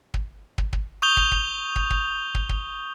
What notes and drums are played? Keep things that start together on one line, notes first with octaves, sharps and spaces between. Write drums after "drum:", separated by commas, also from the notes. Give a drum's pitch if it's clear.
drum: kick
drum: kick
drum: kick
C#6 D#6 G6 F7 G7
drum: kick
drum: kick
drum: kick
drum: kick
drum: kick
drum: kick